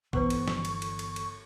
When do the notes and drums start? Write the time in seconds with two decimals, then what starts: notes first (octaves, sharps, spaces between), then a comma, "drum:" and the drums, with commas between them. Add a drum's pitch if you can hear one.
0.13 G1 E3 B3 B4 C5 C#6, drum: kick
0.30 drum: cymbal
0.48 drum: snare
0.65 drum: cymbal
0.82 drum: cymbal
0.99 drum: cymbal
1.16 drum: cymbal